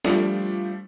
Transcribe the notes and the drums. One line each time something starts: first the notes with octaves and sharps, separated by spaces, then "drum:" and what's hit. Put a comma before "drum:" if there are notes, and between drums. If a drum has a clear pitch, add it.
F3 G3 A3 D4, drum: snare